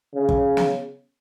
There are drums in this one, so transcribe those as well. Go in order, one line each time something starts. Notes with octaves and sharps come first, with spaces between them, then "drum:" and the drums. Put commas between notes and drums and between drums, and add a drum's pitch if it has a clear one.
C#3
drum: kick
drum: snare